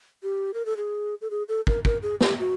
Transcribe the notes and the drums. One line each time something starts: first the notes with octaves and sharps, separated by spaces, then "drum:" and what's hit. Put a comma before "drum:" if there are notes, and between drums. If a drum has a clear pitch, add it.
G4
A#4
A4
G#4
A4
G#4
A4
A#4, drum: kick
A#4, drum: kick
G#4
G4, drum: snare
F#4